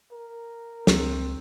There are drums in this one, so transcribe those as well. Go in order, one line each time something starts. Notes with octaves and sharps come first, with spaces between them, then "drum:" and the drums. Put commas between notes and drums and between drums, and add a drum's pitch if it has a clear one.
A#4
C#2 C4, drum: snare